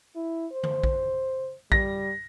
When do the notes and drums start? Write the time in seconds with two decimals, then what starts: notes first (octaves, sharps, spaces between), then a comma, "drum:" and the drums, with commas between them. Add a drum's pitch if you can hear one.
0.15 E4
0.52 C5
0.63 drum: tom D3
0.84 drum: kick A#1
1.72 G3 A#6, drum: kick A#1